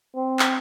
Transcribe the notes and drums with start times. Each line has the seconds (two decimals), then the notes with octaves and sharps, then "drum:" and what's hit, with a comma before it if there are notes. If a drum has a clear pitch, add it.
0.16 C4
0.39 drum: clap